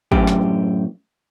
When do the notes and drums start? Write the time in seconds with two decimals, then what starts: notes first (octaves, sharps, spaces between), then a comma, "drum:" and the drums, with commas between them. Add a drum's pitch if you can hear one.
0.12 F#2 A2 G4, drum: kick
0.27 drum: snare